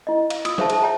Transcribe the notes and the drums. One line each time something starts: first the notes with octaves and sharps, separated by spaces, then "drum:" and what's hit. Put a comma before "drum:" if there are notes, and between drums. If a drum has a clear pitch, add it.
E4 D#5
F5, drum: cymbal
F4 D#6 E6, drum: cymbal
G#4 C5 C#5 E5 F5 A5, drum: snare
G#4 C5 E5 A5, drum: cymbal
C#5 E5 G5 A#5